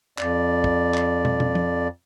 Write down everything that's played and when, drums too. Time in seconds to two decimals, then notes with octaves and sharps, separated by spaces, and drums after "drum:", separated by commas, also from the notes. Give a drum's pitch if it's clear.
0.19 F2 D5, drum: clap
0.64 drum: kick
0.94 drum: clap
1.25 drum: tom
1.40 drum: tom
1.55 drum: tom